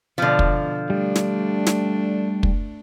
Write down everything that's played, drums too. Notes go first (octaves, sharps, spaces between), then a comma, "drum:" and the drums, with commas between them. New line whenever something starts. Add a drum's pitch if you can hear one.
B2 D3 F3
drum: kick
G3 A3 D4
drum: snare
drum: snare
drum: kick